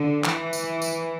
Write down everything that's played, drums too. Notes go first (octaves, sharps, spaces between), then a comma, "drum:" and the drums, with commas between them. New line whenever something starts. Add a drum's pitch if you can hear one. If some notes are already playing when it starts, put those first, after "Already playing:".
Already playing: D3
E3, drum: clap
drum: tambourine
drum: tambourine